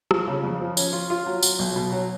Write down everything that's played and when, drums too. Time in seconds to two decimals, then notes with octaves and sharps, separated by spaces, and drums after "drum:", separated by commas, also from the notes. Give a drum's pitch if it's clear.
0.11 F3, drum: rim click
0.28 C#3
0.44 F2
0.60 F3
0.77 C#4, drum: tambourine
0.93 F4
1.10 F4
1.26 F#3
1.43 F#3, drum: tambourine
1.59 B1
1.76 B2
1.92 F#3